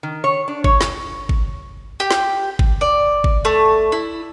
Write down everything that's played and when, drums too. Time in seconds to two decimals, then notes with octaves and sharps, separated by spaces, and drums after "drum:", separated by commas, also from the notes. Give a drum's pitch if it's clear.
0.03 D#3
0.24 C#5
0.48 D4
0.64 C#5, drum: kick G1
0.81 drum: snare
1.29 drum: kick G1
2.00 G4
2.11 drum: snare
2.59 drum: kick G1
2.81 D5
3.24 drum: kick G1
3.45 A3
3.92 E4